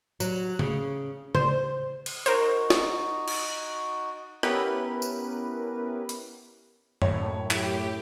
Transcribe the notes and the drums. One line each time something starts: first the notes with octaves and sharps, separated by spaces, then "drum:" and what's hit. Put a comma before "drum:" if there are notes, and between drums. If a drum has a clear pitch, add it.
F#3, drum: tambourine
C#3, drum: tom C#3
C5, drum: tom C#3
drum: cymbal
D#4 F#4 A#4 C5, drum: hi-hat
drum: snare
drum: cymbal
B3 C#4 E4 G4 A#4 B4, drum: rim click
drum: tambourine
drum: hi-hat
F#2 A2 C#5, drum: tom
E4 G4, drum: clap